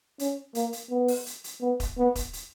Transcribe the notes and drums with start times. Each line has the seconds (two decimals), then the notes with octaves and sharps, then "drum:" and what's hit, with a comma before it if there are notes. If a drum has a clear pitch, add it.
0.19 C#4, drum: hi-hat
0.55 A#3, drum: hi-hat
0.73 drum: hi-hat
0.90 B3
1.08 drum: open hi-hat
1.26 drum: hi-hat
1.44 drum: hi-hat
1.61 B3
1.80 drum: kick D#1, hi-hat
1.98 B3
2.15 drum: kick D#1, hi-hat
2.33 drum: hi-hat